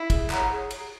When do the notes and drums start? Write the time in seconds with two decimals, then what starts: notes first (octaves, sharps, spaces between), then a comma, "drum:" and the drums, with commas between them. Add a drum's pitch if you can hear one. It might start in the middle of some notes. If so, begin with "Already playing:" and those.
Already playing: E4
0.10 G#4, drum: kick, cymbal
0.30 C#5 F#5 A#5, drum: clap
0.51 G#4
0.71 drum: cymbal